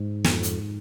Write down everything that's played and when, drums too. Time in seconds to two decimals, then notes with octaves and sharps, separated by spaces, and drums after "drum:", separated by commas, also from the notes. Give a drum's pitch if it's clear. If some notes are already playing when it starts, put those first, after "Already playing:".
Already playing: G#2
0.24 F2, drum: snare
0.43 drum: hi-hat